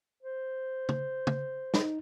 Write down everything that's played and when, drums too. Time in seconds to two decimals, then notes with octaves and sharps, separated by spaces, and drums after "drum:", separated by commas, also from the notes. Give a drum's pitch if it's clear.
0.23 C5
0.89 drum: tom
1.27 drum: tom
1.74 D#4, drum: snare